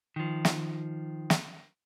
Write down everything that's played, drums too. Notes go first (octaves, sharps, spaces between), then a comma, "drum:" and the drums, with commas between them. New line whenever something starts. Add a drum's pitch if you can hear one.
D#3 F3
drum: snare
drum: snare